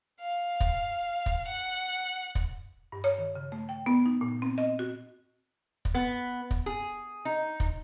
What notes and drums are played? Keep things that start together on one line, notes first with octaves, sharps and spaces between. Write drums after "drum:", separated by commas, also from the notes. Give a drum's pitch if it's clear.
F5
drum: kick
drum: kick
F#5
drum: kick
G2
C#5
D#3
C#3
A3
G5
B3
D#4
A#2
C4
D#5
F#4
drum: kick
B3
drum: kick
G#4
D#4
drum: kick